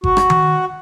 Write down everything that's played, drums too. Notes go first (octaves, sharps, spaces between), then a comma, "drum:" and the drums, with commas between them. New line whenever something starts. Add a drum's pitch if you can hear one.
F#4, drum: kick G1
drum: rim click
drum: tom D#3